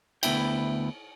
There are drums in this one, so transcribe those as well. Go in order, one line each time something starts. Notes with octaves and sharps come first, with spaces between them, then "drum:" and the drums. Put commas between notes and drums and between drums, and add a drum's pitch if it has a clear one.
D2 F3 B3 E4 E5 G5, drum: cymbal